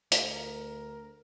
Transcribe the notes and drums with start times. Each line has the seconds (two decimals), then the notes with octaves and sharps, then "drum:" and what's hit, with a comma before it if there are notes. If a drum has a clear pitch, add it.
0.12 D2, drum: hi-hat
0.33 A#4